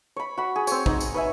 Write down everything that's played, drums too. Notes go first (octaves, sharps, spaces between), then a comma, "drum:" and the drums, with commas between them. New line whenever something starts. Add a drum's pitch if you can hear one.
C#5 B5
F#4 B5
G#4
C4 C#5, drum: tambourine
D#4 C#5 F#5, drum: kick
drum: tambourine
B4 C#5 E5 G#5